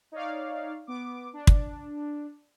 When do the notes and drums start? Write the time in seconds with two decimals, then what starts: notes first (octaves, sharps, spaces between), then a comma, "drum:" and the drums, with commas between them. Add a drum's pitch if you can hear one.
0.12 D#4 C#5 D5 F5
0.87 B3 D6
1.33 D4
1.47 drum: kick